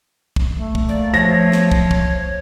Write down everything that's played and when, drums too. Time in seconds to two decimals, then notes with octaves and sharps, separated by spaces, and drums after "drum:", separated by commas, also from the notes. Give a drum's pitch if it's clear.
0.36 drum: kick
0.54 A3
0.75 drum: kick
0.89 A#3 D5
1.14 F3 C#5 A#6
1.52 drum: snare
1.72 drum: kick
1.91 drum: kick